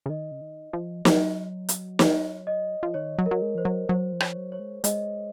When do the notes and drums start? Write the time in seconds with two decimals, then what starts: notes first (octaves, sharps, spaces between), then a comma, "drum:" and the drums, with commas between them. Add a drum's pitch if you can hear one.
0.06 C#3
0.09 D#3 D#5
0.31 C#3
0.41 D#3
0.73 F3
1.05 F#3, drum: snare
1.69 drum: hi-hat
1.99 C#5, drum: snare
2.47 D#5
2.83 F3
2.94 D#3 C#5
3.19 F#3
3.26 A#4
3.31 F#3
3.42 G#3
3.55 F3 C5
3.65 F#3
3.89 F#3 C5
4.13 F3
4.20 C#5, drum: rim click
4.37 F#3
4.52 C#5
4.60 G#3
4.84 G#3 D#5, drum: hi-hat